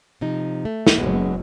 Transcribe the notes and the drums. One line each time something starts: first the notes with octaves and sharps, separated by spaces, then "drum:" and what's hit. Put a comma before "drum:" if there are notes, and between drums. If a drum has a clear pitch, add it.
C3 F3 D#4
A3
drum: snare
F#1 F#3 G#3 B3